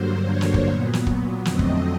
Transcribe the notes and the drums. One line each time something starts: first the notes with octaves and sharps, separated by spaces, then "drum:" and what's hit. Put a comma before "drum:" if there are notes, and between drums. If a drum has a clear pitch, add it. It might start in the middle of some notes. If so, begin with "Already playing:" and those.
Already playing: G2 D3 F#3 A#3 C5
C#5
drum: snare
drum: kick
A#2 F#3 B3
drum: snare
drum: kick
F2 D3 F#3 A3 C4 D#5, drum: snare
drum: kick